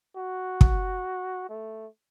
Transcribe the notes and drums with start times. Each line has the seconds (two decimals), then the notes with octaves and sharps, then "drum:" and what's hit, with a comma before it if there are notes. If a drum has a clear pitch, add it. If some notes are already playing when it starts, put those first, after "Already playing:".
0.17 F#4
0.61 drum: kick
1.50 A3